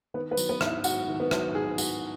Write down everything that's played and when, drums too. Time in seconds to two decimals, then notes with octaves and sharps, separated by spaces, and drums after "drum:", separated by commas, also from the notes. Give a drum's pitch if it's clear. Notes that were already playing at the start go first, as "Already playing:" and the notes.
0.14 D#3 B3 B4
0.31 B3 B4
0.37 F#3, drum: tambourine
0.49 B3 B4
0.61 G#2, drum: rim click
0.67 E4 E5
0.84 G#2 F#4 F#5, drum: tambourine
1.08 D#3
1.20 B3 B4
1.31 F#3, drum: rim click
1.55 G#2 G#4
1.78 G#2 F#4, drum: tambourine